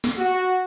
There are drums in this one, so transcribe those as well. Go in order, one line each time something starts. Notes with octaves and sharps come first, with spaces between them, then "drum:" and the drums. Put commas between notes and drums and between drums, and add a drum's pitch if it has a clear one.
drum: snare
F#4